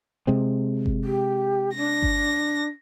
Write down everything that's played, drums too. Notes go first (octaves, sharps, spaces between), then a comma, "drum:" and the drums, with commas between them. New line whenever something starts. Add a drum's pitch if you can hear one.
C3 G#3 C4
drum: kick G1
G4
D4 A#6
drum: kick G1